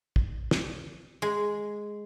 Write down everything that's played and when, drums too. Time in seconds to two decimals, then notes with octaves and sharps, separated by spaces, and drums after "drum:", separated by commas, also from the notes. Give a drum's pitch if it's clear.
0.16 drum: kick
0.51 drum: snare
1.22 G#3